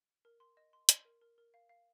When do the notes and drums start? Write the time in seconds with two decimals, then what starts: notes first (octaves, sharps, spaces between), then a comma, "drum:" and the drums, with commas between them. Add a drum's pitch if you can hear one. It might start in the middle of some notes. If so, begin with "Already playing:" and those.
0.25 A#4
0.40 C6
0.57 D#5
0.73 C6
0.89 C6, drum: hi-hat
1.05 A#4
1.21 A#4
1.38 A#4
1.54 F5
1.69 F5